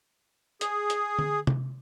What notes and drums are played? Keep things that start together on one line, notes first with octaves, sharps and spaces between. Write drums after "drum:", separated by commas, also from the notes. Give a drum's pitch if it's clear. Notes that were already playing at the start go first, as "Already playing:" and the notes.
G#4, drum: hi-hat
drum: hi-hat
drum: tom D3
drum: tom C3